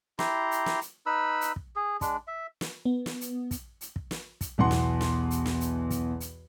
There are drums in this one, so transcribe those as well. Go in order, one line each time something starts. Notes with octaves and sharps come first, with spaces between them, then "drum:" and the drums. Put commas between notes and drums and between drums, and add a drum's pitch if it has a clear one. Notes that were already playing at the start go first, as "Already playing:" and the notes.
E4 G4 A#5 C6, drum: snare
drum: hi-hat
drum: snare
drum: hi-hat
D#4 B4 B5 E6
drum: hi-hat
drum: kick
G#4
G#3 D4, drum: kick, hi-hat
E5
drum: snare
B3
drum: snare
drum: hi-hat
drum: kick, hi-hat
drum: hi-hat
drum: kick
drum: snare
drum: kick, hi-hat
B1 E2 F#5 C6
drum: snare
drum: snare
drum: hi-hat
drum: snare
drum: hi-hat
drum: kick, hi-hat
drum: hi-hat